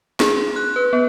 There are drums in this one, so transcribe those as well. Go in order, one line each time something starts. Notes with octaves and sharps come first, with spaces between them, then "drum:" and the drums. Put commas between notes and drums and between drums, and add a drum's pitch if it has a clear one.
G#4, drum: snare
C6
F#6
B4
B3